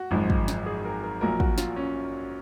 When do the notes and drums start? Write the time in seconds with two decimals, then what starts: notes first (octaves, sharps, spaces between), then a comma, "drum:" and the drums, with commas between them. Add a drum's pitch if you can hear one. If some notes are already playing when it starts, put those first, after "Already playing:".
Already playing: F#4
0.11 G#1 F#2 F3 G#3
0.30 drum: kick
0.48 drum: snare
0.66 G#4
0.85 A#4
1.03 A#4
1.21 A#1 A#2 F#3 A#4
1.40 F#4, drum: kick
1.58 F4, drum: snare
1.76 C#4